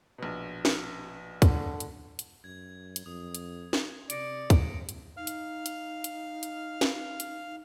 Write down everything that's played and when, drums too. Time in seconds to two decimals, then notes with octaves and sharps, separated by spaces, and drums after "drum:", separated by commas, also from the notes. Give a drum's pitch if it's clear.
0.18 A#1 B2
0.65 drum: snare
1.42 D3, drum: kick, hi-hat
1.80 drum: hi-hat
2.19 drum: hi-hat
2.44 F#2 G#6
2.96 drum: hi-hat
3.06 F2 D#6
3.35 drum: hi-hat
3.73 drum: snare
4.10 C3 D5 A#6 C#7 D7, drum: hi-hat
4.50 drum: kick, hi-hat
4.89 drum: hi-hat
5.17 D#4 F5 F6
5.27 drum: hi-hat
5.66 drum: hi-hat
6.04 drum: hi-hat
6.43 drum: hi-hat
6.81 drum: snare
7.20 drum: hi-hat